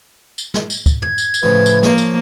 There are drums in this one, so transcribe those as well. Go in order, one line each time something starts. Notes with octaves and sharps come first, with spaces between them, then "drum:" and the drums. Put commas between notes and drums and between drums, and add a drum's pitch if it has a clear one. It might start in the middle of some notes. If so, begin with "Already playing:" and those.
drum: tambourine
drum: snare
drum: tambourine
drum: kick, tambourine
G#6, drum: tom
drum: tambourine
drum: tambourine
A2 C#3 F3 B4
drum: tambourine
F3 A#3 C#5, drum: snare
drum: tambourine